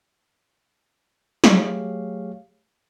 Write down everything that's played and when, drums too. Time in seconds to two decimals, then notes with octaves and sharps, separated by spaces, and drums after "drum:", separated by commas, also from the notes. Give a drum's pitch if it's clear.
1.44 F#3 A3 G4 G#4 C#5 F5, drum: snare